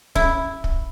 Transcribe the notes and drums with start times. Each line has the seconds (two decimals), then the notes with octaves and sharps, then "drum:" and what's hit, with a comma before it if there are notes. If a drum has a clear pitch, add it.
0.15 E4, drum: kick
0.64 drum: kick